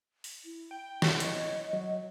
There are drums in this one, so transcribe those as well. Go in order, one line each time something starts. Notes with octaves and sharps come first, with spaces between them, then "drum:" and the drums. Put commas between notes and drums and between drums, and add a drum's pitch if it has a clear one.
drum: open hi-hat
E4
G5
drum: snare
C#5 D#5, drum: hi-hat
F#3